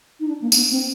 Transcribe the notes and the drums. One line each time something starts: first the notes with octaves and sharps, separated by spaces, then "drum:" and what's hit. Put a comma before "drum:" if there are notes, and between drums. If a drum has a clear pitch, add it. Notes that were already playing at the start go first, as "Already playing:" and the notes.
D#4
D4
A#3
A#3, drum: tambourine
B3
C4